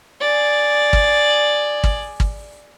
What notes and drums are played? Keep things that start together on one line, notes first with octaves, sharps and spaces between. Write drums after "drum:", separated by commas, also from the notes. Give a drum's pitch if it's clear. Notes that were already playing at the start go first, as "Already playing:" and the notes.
G#4 D5
drum: kick G#1
drum: kick G#1
drum: kick G#1